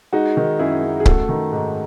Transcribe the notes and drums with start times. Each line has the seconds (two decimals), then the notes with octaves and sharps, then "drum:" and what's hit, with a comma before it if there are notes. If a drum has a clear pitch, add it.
0.13 G#3 D#4 F#4
0.37 D#3
0.59 F#2 E4 G#4
0.82 F#2
1.00 G#4
1.06 A3 F#4 A4, drum: kick C#1
1.29 D#3
1.53 G#2